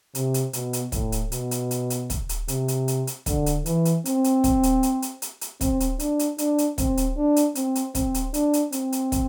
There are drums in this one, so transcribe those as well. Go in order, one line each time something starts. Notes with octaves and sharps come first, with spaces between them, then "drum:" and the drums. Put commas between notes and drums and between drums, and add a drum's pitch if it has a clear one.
C3, drum: hi-hat
drum: hi-hat
B2, drum: hi-hat
drum: hi-hat
A2, drum: kick, hi-hat
drum: hi-hat
B2, drum: hi-hat
drum: hi-hat
drum: hi-hat
drum: hi-hat
drum: kick, hi-hat
drum: hi-hat
C3, drum: hi-hat
drum: hi-hat
drum: hi-hat
drum: hi-hat
D3, drum: kick, hi-hat
drum: hi-hat
E3, drum: hi-hat
drum: hi-hat
C4, drum: hi-hat
drum: hi-hat
drum: kick, hi-hat
drum: hi-hat
drum: hi-hat
drum: hi-hat
drum: hi-hat
drum: hi-hat
C4, drum: kick, hi-hat
drum: hi-hat
D4, drum: hi-hat
drum: hi-hat
D4, drum: hi-hat
drum: hi-hat
C4, drum: kick, hi-hat
drum: hi-hat
D4
drum: hi-hat
C4, drum: hi-hat
drum: hi-hat
C4, drum: kick, hi-hat
drum: hi-hat
D4, drum: hi-hat
drum: hi-hat
C4, drum: hi-hat
drum: hi-hat
drum: kick, hi-hat